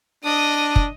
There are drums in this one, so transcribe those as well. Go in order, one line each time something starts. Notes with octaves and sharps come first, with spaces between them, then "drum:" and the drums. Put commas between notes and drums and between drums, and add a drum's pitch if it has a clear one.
D4 D#5 D#6
drum: kick